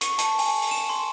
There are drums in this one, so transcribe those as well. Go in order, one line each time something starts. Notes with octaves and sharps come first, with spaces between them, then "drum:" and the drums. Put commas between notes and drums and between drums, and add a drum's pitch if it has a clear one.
C#6, drum: hi-hat
A5, drum: hi-hat
G#5, drum: open hi-hat
drum: open hi-hat
E7
C6